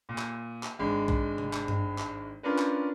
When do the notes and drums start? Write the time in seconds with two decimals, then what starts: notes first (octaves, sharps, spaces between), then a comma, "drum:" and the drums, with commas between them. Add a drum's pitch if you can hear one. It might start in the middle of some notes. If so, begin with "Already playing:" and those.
0.09 A#2
0.18 drum: clap
0.63 drum: clap
0.79 G#1 G#3 D4
1.08 drum: kick B1
1.38 drum: tom C3
1.53 drum: clap
1.68 drum: tom G2
1.98 drum: clap
2.43 C#4 D4 F4 A#4 B4
2.58 drum: clap